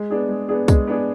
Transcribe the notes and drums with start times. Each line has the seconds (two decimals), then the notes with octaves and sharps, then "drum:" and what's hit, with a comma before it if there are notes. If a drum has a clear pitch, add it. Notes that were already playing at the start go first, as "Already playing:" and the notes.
Already playing: G#3
0.10 B3 D4 G#4
0.29 G#3
0.49 B3 D4 G#4
0.68 G#3, drum: kick, tambourine
0.87 B3 D4 G#4